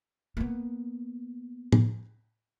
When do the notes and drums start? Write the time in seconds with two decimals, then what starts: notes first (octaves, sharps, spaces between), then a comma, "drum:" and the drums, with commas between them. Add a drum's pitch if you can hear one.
0.37 A#3 B3
1.72 drum: tom A2